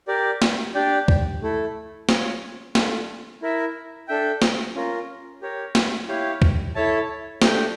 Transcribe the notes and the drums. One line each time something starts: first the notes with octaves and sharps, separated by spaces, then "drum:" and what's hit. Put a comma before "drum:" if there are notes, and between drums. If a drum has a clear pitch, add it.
G4 A#4 D5
drum: snare
D4 G4 D5 G5
drum: kick
A3 E4 A4
C#4 F4 C#5, drum: snare
D4 F4 A4, drum: snare
E4 A#4 E5
D4 A4 E5 G5
drum: snare
C#4 F4 A#4
G4 A#4 C#5
drum: snare
E4 G4 C#5 F5
drum: kick
E4 A4 C#5 E5 A5
A3 D4 G4, drum: snare